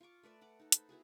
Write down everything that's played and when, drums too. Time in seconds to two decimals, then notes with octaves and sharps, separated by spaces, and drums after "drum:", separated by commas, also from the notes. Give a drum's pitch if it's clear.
0.01 F4 F5 C#6 D6
0.23 A3 B4 D5 E5
0.41 D5 F#5 D6
0.59 D#4 A4
0.72 C5 B5, drum: hi-hat
0.89 B3 E4 F#4 G#4